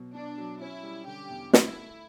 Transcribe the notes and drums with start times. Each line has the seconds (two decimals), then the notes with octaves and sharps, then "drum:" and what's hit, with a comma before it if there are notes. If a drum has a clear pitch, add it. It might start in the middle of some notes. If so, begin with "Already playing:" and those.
Already playing: B2 F#3
0.14 B2 D4
0.38 F#3
0.61 C#4 E4
0.83 G3
1.07 D3 G4
1.30 E2
1.53 A3 E4, drum: snare
1.76 A3